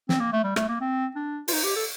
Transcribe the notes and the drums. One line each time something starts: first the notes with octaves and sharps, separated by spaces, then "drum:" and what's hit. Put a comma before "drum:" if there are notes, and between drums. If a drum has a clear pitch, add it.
C4, drum: snare
A#3
A3
G3
A3, drum: rim click
A#3
C4
D4
F4, drum: open hi-hat
D#4
G4
A4